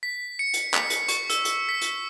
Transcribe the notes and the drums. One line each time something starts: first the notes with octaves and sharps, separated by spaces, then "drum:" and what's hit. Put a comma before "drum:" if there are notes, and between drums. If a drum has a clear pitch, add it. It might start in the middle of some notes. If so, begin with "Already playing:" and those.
B6
C#7
drum: hi-hat
B6, drum: clap
drum: hi-hat
C#6, drum: hi-hat
E6, drum: hi-hat
drum: hi-hat
B6
drum: hi-hat